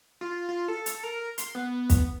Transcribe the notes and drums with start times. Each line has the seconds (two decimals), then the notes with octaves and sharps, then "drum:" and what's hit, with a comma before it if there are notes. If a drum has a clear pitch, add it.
0.21 F4
0.49 F4
0.68 A4
0.86 drum: hi-hat
1.03 A#4
1.38 C6, drum: hi-hat
1.55 B3
1.90 drum: kick, hi-hat